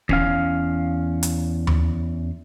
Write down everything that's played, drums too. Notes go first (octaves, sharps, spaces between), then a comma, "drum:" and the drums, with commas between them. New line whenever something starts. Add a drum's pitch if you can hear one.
E2 C#4 F5, drum: kick
drum: hi-hat
drum: tom D#2